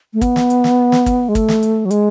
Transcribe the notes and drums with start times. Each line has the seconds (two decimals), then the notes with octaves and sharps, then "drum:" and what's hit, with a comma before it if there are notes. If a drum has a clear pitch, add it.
0.14 A3
0.21 B3, drum: kick G#1, hi-hat
0.36 drum: snare
0.50 drum: hi-hat
0.64 drum: snare
0.92 drum: snare
1.06 drum: kick G#1, hi-hat
1.29 G#3
1.35 A3, drum: kick G#1, hi-hat
1.49 drum: snare
1.63 drum: hi-hat
1.85 F#3
1.91 G#3, drum: hi-hat